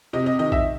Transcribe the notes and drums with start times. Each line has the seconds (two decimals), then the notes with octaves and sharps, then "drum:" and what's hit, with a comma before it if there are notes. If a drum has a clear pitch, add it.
0.13 C3 D#5
0.26 D#5
0.39 D#3 D#5
0.52 E5, drum: kick